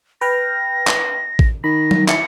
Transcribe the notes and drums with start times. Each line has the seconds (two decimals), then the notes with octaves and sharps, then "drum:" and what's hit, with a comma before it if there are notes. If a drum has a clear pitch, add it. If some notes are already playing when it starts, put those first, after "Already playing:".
0.21 B4 G5 F6 A#6
0.87 drum: clap
1.39 drum: kick A1
1.64 D#3 B5 A#6
1.91 drum: tom F#3
2.08 E4 C#7, drum: clap